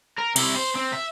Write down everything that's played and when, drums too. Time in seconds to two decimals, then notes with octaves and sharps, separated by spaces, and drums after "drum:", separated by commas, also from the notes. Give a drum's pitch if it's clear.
0.18 A#4
0.36 C3 E4, drum: cymbal
0.56 C5
0.75 C4
0.92 E5